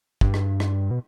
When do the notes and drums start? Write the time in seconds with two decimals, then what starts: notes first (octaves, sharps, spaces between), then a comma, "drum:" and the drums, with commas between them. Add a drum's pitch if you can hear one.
0.21 G2, drum: kick
0.34 drum: rim click
0.60 drum: rim click
0.91 B2